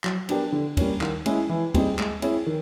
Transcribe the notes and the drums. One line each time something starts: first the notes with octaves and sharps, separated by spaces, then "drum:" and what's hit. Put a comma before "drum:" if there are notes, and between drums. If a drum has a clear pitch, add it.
F#3, drum: clap
B3 D4 G4 A#4, drum: cymbal
D3
G3 A#3 C#4, drum: kick, cymbal
D#3, drum: clap
G#3 C#4 E4 G#4, drum: cymbal
E3
G3 C4 D#4 G#4, drum: kick, cymbal
G#3, drum: clap
C4 E4 G#4 C#5, drum: cymbal
D#3